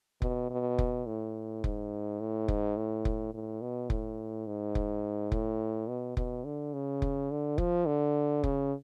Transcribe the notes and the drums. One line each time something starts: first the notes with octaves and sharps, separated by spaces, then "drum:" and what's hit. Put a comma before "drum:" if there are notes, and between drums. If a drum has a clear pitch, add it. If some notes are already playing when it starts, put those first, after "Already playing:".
B2, drum: kick F1
B2
drum: kick F1
A2
G#2, drum: kick F1
A2
G#2, drum: kick F1
A2
drum: kick F1
A2
B2
A2, drum: kick F1
G#2
drum: kick F1
A2, drum: kick F1
B2
B2, drum: kick F1
D3
C#3
drum: kick F1
D3
F3, drum: kick F1
D3
C#3, drum: kick F1